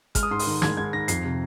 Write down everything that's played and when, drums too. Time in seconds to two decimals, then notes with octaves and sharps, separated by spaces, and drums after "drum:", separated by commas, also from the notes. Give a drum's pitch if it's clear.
0.15 G#3 F6, drum: kick, hi-hat
0.23 D#6
0.31 G#2 C6
0.39 D#6, drum: open hi-hat
0.46 D#3
0.62 G#3 G#6, drum: snare
0.77 G#2 G#6
0.93 D#3 A#6
1.08 F2 C7, drum: hi-hat
1.24 C3